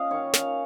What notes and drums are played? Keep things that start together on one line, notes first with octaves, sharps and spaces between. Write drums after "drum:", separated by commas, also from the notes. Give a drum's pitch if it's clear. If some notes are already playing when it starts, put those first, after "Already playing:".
Already playing: C#4 D#5 F5
D#3 C#5
C#4 F5, drum: snare